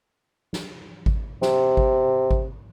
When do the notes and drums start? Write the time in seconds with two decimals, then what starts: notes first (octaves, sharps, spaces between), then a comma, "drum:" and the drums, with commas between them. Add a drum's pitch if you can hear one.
0.53 drum: snare
1.06 drum: kick G#1
1.42 C3, drum: snare
1.77 drum: kick G#1
2.31 drum: kick G#1